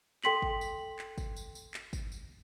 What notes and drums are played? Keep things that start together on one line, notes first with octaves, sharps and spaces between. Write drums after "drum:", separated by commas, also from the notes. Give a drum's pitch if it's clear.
A4 G5 C6 B6 F#7, drum: clap
drum: kick
drum: tambourine
drum: clap
drum: kick, tambourine
drum: tambourine
drum: tambourine
drum: clap
drum: kick, tambourine
drum: tambourine